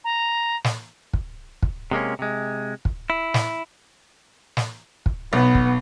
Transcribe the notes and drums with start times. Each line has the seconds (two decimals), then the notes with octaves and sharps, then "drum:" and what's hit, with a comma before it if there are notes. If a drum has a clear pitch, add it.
0.04 A#5
0.64 drum: snare
1.13 drum: kick
1.63 drum: kick
1.91 C3 G#3 A#3 C#4
2.19 C3 G#3
2.85 drum: kick
3.10 E4
3.34 drum: snare
4.57 drum: snare
5.06 drum: kick
5.33 B1 B3
5.55 drum: kick